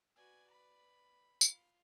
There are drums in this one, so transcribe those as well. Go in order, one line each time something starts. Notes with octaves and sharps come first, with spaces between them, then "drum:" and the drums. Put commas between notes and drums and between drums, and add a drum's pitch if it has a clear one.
F#4 B4 D5 G#5
B5
F4, drum: tambourine